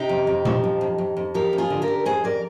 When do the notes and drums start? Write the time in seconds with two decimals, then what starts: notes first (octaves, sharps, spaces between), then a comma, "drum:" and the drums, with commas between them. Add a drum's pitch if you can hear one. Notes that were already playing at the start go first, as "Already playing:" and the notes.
Already playing: C3 D#4 G4
0.09 F2
0.27 F2
0.45 F3, drum: tom A#2
0.64 F2
0.81 F2
0.98 F2
1.17 F2
1.34 F3 G4 A#4
1.53 F2
1.58 F4 G#4
1.70 D3
1.82 G4 A#4
1.88 D3
2.06 F2 G#4 C5
2.24 F2 A#4 D5